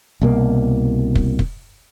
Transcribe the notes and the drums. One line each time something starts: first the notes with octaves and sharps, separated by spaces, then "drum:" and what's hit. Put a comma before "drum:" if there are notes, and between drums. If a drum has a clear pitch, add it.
C2 B2 A#3
drum: kick
drum: kick